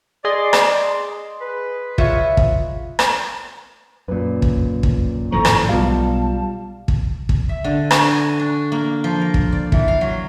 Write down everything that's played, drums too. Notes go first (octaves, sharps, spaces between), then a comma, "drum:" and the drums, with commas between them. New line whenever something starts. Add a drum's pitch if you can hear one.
G#4 D5 D#5 C6
drum: rim click
B4
F4 C#5 E5, drum: kick
drum: kick
drum: rim click
F#2 A#2 B4
drum: kick
drum: kick
G#1 A2 F3 A4 A#5 C#6
drum: rim click
B1 G3 G#3 B3 F4 F5 A5
drum: kick
drum: kick
E5
D3
F#4, drum: rim click
G#5
D4
A#3
F3
A#4
drum: kick
D5
E3, drum: kick
F5
F#3